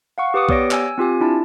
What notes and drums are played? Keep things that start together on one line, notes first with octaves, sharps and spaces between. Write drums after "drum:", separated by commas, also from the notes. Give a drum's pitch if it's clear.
F5 F#5 C#6
G4 B4 D6 D#6 C#7
B3 G4 C#5 D5 A#6 D7, drum: kick
G#5 E6, drum: clap
C4 F4 G4 G#5
D4 E4 A5